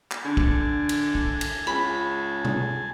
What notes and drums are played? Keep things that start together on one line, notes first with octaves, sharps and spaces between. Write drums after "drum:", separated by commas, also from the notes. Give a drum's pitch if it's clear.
drum: clap
D3 G#4 G#5 A5
drum: kick
drum: cymbal
drum: kick
drum: cymbal
C#2 B5
drum: tom B2